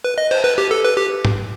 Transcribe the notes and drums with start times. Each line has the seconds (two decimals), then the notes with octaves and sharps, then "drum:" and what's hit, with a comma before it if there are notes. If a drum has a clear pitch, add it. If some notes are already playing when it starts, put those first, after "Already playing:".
0.04 B4
0.18 D#5
0.31 C5, drum: cymbal
0.44 B4
0.58 G4
0.71 A4
0.85 B4
0.97 G4
1.25 drum: tom G#2